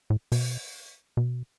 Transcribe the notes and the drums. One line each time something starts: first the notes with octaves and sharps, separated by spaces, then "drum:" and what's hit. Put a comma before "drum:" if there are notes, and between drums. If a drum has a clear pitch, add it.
A2
B2, drum: open hi-hat
B2